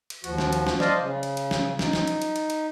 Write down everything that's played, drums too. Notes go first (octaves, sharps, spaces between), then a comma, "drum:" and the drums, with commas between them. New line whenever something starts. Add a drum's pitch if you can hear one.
drum: cymbal
D#2 F3 F#4, drum: cymbal
drum: snare
drum: cymbal
drum: snare
C5 D5 D#5 F5 A5, drum: snare
C#3
drum: cymbal
drum: cymbal
drum: snare
D#4, drum: snare
drum: snare
drum: cymbal
drum: cymbal
drum: cymbal
drum: cymbal